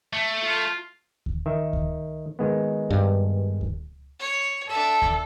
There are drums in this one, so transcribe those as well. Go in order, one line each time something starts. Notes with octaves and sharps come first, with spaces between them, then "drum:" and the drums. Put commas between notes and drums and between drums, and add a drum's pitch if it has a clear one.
A3
F4
drum: kick D2
D#3 E5
drum: kick D2
D#3 G#3 B3
G2
drum: kick D2
C#5
D4 A4 E5
drum: kick D2